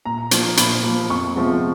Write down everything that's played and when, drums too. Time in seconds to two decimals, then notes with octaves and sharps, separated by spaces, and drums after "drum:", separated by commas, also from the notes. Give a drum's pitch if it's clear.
0.05 A#2 A#5
0.31 F3 A#3, drum: hi-hat
0.57 A#2 B5, drum: hi-hat
0.83 F3 A#3
1.09 F2 C#6
1.35 C3 F3 G#3 B3